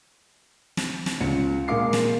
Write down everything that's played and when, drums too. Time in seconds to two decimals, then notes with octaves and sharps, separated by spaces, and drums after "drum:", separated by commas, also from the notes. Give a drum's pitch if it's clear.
0.77 drum: snare
1.06 drum: snare
1.21 C#2 C#7
1.68 A#2 G#3 A#3 F5 D6 C7
1.93 drum: snare